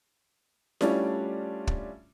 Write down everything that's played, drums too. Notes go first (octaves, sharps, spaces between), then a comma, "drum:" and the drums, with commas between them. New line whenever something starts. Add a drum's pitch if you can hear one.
G3 A3 C#4 D4 E4 F4, drum: snare E4
drum: kick